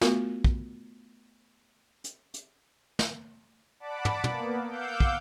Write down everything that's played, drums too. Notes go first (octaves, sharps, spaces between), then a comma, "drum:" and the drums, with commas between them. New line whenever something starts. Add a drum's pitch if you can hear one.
A3 B3 F4 F#4 A#4, drum: snare
drum: kick
drum: hi-hat
drum: hi-hat
drum: snare
D5 F#5 A5 B5 D6
drum: tom
A#3 B3, drum: tom
F5 F#5 D6 E6 G6
drum: kick